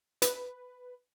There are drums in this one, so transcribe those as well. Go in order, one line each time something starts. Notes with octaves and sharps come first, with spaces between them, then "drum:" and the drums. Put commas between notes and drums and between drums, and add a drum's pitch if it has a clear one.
B4, drum: hi-hat